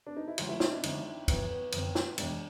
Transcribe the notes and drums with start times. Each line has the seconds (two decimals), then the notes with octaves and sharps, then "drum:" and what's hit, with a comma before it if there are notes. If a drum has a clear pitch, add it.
0.06 D4
0.16 D#4
0.28 E4
0.38 D3 F3 G#3 C#4 F4 F#4, drum: cymbal
0.49 E4
0.60 D#4, drum: snare
0.71 D4
0.83 D3 F3 G#3 C4 C#4 F#4, drum: cymbal
1.28 F#2 D3 F3 B3, drum: kick, cymbal
1.50 B3
1.72 F#2 D3 F3 C4, drum: cymbal
1.95 drum: snare
2.18 E2 B2 G#3 D4, drum: cymbal